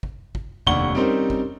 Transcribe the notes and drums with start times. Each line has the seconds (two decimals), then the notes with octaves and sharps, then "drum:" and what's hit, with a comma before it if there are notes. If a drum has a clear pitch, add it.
0.03 drum: kick
0.35 drum: kick
0.67 F1 D#2 D4 F#5 C#6 G7, drum: kick
0.95 G3 C4 C#4 D#4 A#4 C5
1.30 drum: kick